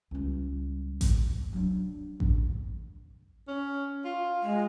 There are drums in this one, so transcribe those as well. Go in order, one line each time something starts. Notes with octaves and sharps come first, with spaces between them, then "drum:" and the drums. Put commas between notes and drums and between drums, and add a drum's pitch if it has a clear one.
C#2 G3
drum: kick A1, hi-hat
F#3 D4
drum: kick A1
C#4
F4
G#3